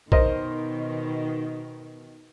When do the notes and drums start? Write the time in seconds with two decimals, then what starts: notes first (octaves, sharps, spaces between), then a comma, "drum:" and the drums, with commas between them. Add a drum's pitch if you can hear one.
0.12 B2 D#3 A#4 C5 D#5, drum: kick